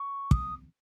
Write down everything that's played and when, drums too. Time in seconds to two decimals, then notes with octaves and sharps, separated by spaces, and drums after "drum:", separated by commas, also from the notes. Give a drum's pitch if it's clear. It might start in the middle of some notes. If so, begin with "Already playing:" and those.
Already playing: C#6
0.31 D#6, drum: kick